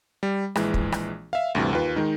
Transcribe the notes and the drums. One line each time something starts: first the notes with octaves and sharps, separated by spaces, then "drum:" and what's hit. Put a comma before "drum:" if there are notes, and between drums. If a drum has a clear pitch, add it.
G3
A#1 E3 G#3, drum: rim click
drum: kick
drum: rim click
E5 F5
D2 G2 C3 E3
D#2 F4 B4
D#3 G#3 D#4